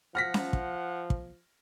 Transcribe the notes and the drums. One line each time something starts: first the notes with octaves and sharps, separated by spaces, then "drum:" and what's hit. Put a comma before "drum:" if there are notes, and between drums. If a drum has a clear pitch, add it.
F3 F#5 F6 A#6 B6
drum: snare C#4
drum: kick
drum: kick